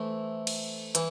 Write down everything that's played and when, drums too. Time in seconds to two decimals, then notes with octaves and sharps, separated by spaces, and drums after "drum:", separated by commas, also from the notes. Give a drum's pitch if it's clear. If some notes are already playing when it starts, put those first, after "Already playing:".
Already playing: E3 A3 C4 E4
0.47 drum: cymbal
0.95 E3, drum: hi-hat